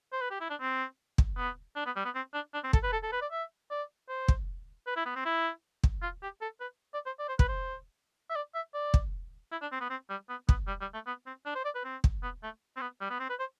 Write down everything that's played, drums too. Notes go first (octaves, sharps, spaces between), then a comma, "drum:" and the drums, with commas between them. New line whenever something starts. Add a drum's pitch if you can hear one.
C5
B4
G4
E4
D4
C4
drum: kick
B3
D4
B3
G3
B3
C4
D4
D4
C4
A4, drum: kick
B4
A4
A4
B4
D5
E5
D5
C5
drum: kick
B4
E4
B3
C4
E4
drum: kick
F4
G4
A4
B4
D5
C5
D5
C5
B4, drum: kick
C5
E5
D5
E5
D5
drum: kick
E4
D4
C4
B3
C4
G3
B3
B3, drum: kick
G3
G3
A3
B3
C4
D4
C5
D5
B4
C4
drum: kick
B3
A3
C4
B3
G3
B3
C4
B4
C5